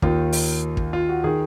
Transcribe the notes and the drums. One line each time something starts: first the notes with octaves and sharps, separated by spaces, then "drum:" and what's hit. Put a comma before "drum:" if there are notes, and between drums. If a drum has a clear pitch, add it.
D#2 D#3 F4, drum: kick
drum: open hi-hat
drum: kick
F4
F#4
D#3 G#4